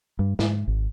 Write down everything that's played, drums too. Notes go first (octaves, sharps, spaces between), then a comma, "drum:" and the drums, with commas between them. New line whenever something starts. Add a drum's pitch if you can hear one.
G2
G#2, drum: snare
G#1